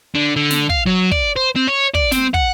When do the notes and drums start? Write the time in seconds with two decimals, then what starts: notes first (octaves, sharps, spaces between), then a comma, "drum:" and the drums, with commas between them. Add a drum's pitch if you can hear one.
0.15 D3
0.36 D3
0.50 drum: snare
0.70 F5, drum: kick
0.86 F#3
1.11 D5, drum: kick
1.36 C5
1.56 C4
1.68 C#5
1.95 D5, drum: kick
2.12 C4, drum: snare
2.34 F#5, drum: kick